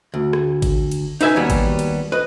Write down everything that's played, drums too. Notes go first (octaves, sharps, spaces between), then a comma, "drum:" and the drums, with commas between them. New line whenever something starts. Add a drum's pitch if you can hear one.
D2
drum: rim click
drum: kick G1, cymbal
drum: cymbal
D#4 B4 E5 G#5, drum: cymbal
D#2 F#3 G3 B3
drum: kick G1, cymbal
drum: cymbal
B4 D#5